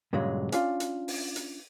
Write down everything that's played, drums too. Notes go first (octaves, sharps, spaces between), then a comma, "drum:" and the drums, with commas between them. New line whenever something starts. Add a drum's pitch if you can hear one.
G2 A#2 C#3 F#3 G#3
C#4 D4 F4, drum: hi-hat
drum: hi-hat
drum: open hi-hat
drum: hi-hat